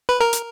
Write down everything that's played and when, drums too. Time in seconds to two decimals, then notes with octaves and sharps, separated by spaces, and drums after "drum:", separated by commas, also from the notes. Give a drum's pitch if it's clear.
0.09 B4
0.21 A#4
0.33 drum: hi-hat